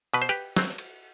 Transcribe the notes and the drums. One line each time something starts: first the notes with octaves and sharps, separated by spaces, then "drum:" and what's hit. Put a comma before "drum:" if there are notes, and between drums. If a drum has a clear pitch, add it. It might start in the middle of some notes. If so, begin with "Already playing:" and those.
B2 B4, drum: cymbal
C5
G4 B4
F#3 C4, drum: snare
drum: cymbal